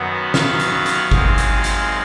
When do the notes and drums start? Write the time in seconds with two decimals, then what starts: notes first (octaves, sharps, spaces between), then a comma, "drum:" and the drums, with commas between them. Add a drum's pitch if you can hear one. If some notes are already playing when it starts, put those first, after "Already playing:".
Already playing: F#2 D#3 F#3 B3
0.34 F5, drum: snare
0.60 drum: hi-hat
0.86 drum: hi-hat
1.11 F#2 D#3 G#3 C4, drum: kick G1
1.38 drum: hi-hat
1.64 drum: hi-hat